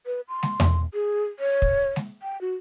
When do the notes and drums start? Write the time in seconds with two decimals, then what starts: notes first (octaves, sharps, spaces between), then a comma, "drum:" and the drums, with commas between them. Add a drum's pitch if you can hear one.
0.06 B4
0.29 C6
0.43 drum: snare G#3
0.60 drum: tom E2
0.94 G#4
1.39 C#5
1.62 drum: kick
1.96 drum: snare G#3
2.23 G5
2.41 F#4